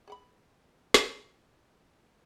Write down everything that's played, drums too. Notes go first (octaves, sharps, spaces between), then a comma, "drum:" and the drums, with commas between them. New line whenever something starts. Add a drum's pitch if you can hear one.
G#4 F#5 B5
drum: snare